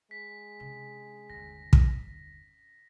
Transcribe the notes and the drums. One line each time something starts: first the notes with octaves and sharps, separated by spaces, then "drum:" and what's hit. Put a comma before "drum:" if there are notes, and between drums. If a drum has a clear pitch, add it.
G#3 B6
C3 C#4
G1 D#2 A#6
drum: kick